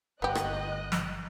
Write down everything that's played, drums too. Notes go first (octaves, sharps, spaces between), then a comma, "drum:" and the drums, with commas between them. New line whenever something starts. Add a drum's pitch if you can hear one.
G1 B3 G4 D#5 F#6
drum: rim click
drum: snare